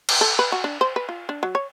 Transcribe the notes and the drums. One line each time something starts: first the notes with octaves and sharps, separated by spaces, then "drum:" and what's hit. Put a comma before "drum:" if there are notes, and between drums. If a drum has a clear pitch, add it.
drum: cymbal
A4
B4
F#4
D4
C5
B4
F4
D4
F#3
C#5